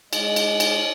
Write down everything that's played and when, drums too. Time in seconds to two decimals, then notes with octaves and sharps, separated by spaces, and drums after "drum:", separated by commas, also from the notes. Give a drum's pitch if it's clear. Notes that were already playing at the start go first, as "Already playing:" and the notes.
0.13 G#3, drum: cymbal
0.36 drum: cymbal
0.60 drum: cymbal